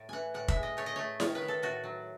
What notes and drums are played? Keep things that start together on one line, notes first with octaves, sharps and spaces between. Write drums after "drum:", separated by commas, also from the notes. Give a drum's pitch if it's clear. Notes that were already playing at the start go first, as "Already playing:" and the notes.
Already playing: A2
E3 F#5 G#5
A2 F#5
E5, drum: kick
G#3
D#5
A3 C#5
D#5
A3 C#5
D#3 C#5, drum: snare E4
B4
D#3
A4
A2 F#4
F#3